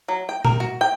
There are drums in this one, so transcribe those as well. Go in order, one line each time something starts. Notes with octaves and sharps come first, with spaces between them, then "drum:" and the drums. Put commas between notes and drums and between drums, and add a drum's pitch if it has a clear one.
F#3
G5
A#4, drum: tom
F#4
G5